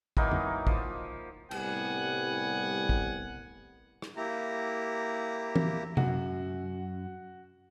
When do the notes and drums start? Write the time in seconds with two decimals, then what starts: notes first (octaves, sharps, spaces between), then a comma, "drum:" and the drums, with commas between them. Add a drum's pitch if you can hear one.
0.17 E3 F#3 A#3 D#4, drum: kick
0.32 drum: tom F2
0.67 F3, drum: kick
1.51 C2 A2 G3 B3 F#5 G#5, drum: cymbal
2.89 drum: kick
4.02 drum: rim click
4.17 A#3 E4 G4 A#5
5.56 drum: tom E3
5.97 F#2 F#4, drum: tom C3